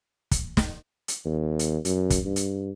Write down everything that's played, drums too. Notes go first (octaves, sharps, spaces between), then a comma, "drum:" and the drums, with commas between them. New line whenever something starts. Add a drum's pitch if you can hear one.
drum: kick, hi-hat
drum: snare
drum: hi-hat
D#2
drum: hi-hat
F#2, drum: hi-hat
drum: kick, hi-hat
G2
drum: hi-hat